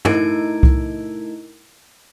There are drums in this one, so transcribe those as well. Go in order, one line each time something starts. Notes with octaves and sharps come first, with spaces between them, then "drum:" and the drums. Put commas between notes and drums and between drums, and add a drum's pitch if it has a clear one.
A3 D#4 E4 A#4 G#6 D7, drum: tom
drum: kick C2